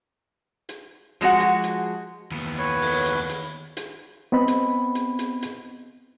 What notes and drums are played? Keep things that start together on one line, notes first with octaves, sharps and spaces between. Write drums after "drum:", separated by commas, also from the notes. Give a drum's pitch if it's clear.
drum: hi-hat
F3 G#3 F#4 F#5
drum: hi-hat
drum: hi-hat
D#2 B3
B4 C#5
drum: open hi-hat
drum: hi-hat
drum: hi-hat
drum: hi-hat
B3 C4 D#5 B5
drum: hi-hat
drum: hi-hat
drum: hi-hat
drum: hi-hat